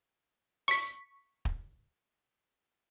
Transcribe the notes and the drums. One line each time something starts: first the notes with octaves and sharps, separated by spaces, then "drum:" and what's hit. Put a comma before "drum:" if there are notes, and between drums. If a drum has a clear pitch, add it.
C#6 B6, drum: open hi-hat
drum: kick